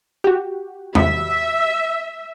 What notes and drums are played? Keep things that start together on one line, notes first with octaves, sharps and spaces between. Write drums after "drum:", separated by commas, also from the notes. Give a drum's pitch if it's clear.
F#4 G4
E5, drum: tom E2